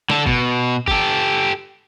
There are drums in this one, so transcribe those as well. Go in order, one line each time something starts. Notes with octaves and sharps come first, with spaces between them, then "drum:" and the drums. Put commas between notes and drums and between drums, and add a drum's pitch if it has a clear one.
D3 A4, drum: snare
B2, drum: kick
G4 A4, drum: kick